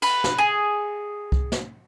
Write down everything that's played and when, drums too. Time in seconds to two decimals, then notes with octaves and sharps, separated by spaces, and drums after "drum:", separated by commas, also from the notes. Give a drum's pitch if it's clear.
0.02 B4, drum: cymbal
0.24 drum: snare
0.38 G#4
1.32 drum: kick C2
1.52 drum: snare